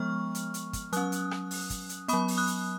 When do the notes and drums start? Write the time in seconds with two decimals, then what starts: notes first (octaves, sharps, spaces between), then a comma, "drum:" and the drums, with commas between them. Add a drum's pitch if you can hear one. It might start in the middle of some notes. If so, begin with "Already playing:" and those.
Already playing: F3 G#3 B3 C#6 F6
0.35 drum: hi-hat
0.54 drum: hi-hat
0.73 drum: kick, hi-hat
0.93 F#3 C#4 D#6 F#6, drum: hi-hat
1.12 drum: hi-hat
1.31 drum: rim click
1.51 drum: open hi-hat
1.70 drum: kick, hi-hat
1.89 drum: hi-hat
2.08 F#3 B3 B5 D#6, drum: hi-hat
2.28 drum: open hi-hat
2.37 D#6 F#6
2.47 drum: hi-hat